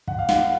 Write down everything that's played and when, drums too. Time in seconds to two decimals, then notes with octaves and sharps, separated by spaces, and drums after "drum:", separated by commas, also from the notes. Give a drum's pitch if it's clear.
0.08 F#5, drum: kick
0.19 F5
0.29 F#5, drum: snare